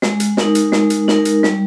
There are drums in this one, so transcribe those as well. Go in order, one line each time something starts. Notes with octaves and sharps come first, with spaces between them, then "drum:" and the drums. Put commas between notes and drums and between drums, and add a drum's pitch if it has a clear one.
G#3, drum: snare
drum: hi-hat
D#4 A#4, drum: snare
drum: hi-hat
G#3, drum: snare
drum: hi-hat
D#4 A#4, drum: snare
drum: hi-hat
G3, drum: snare